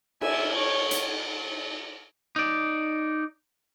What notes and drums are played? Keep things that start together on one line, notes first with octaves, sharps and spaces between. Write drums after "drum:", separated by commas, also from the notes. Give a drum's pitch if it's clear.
E5 G#5, drum: cymbal
C#5
drum: hi-hat
D#4 D5